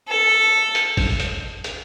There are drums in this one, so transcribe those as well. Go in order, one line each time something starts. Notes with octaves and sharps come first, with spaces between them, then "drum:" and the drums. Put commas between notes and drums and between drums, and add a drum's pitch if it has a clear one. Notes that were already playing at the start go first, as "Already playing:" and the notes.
A4
drum: hi-hat
drum: kick G#1, open hi-hat
drum: hi-hat
drum: hi-hat